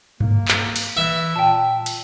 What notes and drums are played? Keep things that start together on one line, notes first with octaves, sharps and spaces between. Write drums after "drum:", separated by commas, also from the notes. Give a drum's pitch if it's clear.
A#3, drum: tom G2
drum: clap
drum: cymbal
E3 E5
A#2 G5 A5
drum: cymbal